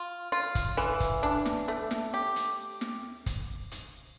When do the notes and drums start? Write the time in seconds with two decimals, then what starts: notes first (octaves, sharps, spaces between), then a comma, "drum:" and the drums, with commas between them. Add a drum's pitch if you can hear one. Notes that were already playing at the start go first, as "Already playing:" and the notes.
Already playing: F4
0.32 F4
0.55 drum: kick, hi-hat
0.77 E3
1.00 drum: kick, hi-hat
1.23 D4
1.46 drum: snare
1.68 A3
1.91 drum: snare
2.14 G4
2.36 drum: hi-hat
2.81 drum: snare
3.26 drum: kick, hi-hat
3.71 drum: hi-hat